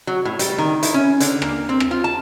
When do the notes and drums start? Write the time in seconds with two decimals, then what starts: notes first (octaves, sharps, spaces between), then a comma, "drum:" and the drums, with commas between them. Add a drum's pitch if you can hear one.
0.07 F#3
0.25 A2
0.39 G3, drum: hi-hat
0.58 D#3
0.83 E4, drum: hi-hat
0.94 C#4
1.20 D3, drum: hi-hat
1.42 A#3, drum: rim click
1.69 C4
1.80 drum: rim click
1.91 F4
2.04 A5